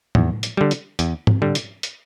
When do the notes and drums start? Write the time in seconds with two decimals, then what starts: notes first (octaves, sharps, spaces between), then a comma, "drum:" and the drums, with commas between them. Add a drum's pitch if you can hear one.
0.15 E2, drum: tom A2
0.43 drum: hi-hat
0.57 D3 G3
0.71 drum: hi-hat
0.99 E2, drum: hi-hat
1.27 drum: tom G#2
1.42 D3 G3
1.55 drum: hi-hat
1.83 drum: hi-hat